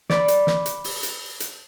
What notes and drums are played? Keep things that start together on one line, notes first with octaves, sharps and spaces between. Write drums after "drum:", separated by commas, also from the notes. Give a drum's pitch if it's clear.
D5 B5, drum: snare
drum: hi-hat
drum: snare
drum: hi-hat
drum: open hi-hat
drum: hi-hat
drum: hi-hat